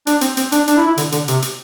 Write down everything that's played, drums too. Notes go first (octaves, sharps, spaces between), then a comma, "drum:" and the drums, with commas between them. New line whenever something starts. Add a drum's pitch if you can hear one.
D4, drum: hi-hat
C4, drum: hi-hat
C4, drum: hi-hat
D4, drum: hi-hat
D4, drum: hi-hat
E4
E4
D3, drum: hi-hat
D3, drum: hi-hat
C3, drum: hi-hat
drum: hi-hat